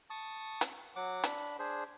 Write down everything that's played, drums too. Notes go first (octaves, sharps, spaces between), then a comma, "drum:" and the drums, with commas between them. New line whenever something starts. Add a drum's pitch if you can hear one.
A5 C#6 D#6
drum: hi-hat
F#3 F#5 D6
D4 B5, drum: hi-hat
D4 G#4 C5